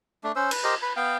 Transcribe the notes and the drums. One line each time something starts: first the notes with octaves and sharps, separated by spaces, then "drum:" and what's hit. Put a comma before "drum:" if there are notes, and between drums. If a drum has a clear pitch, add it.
A3 D4
C#4 C5 E6
B4, drum: cymbal
G4 A#4 C5 D#5
B4 B5
B3 F5 G5